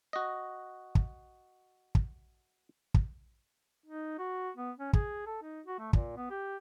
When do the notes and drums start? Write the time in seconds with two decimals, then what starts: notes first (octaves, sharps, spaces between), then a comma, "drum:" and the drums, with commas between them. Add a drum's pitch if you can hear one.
0.13 F#4 D#5
0.95 drum: kick
1.95 drum: kick
2.94 drum: kick
3.86 D#4
4.19 F#4
4.57 B3
4.78 C#4
4.93 G#4, drum: kick
5.27 A4
5.42 D#4
5.66 F#4
5.79 A3
5.93 A#2, drum: kick
6.17 B3
6.30 G4